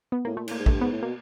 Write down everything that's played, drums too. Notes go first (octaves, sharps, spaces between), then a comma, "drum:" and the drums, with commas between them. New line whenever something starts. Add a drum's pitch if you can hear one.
B3
A2 A#3
A#2 A3
A2 A#3, drum: cymbal
G#2
A3, drum: kick
G2
G#2 B3
A2
B2 A#3